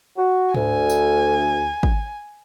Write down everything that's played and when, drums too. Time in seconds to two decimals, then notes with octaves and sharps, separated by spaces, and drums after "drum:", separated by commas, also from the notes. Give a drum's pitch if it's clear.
0.17 F#4
0.54 D2 G#5, drum: tom G#2
0.90 drum: tambourine
1.83 drum: kick G#1